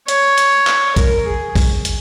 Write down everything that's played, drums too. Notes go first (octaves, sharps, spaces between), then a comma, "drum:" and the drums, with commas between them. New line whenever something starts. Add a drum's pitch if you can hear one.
C#5, drum: hi-hat
drum: hi-hat
drum: clap
A#4, drum: kick B1, hi-hat
G#4
drum: kick B1, open hi-hat
drum: hi-hat